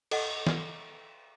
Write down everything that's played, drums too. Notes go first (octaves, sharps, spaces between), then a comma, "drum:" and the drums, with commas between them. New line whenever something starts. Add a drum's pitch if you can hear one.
A4 D#5 F#5, drum: cymbal
drum: snare